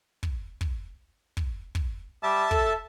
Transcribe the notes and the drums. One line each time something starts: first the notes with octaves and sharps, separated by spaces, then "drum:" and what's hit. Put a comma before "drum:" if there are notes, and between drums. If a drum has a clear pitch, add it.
drum: kick
drum: kick
drum: kick
drum: kick
G3 E5 A5
A4, drum: kick